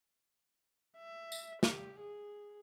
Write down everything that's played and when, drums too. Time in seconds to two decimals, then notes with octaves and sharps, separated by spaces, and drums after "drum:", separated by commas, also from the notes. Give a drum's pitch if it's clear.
0.97 E5
1.32 drum: tambourine
1.63 G4, drum: snare
1.99 G#4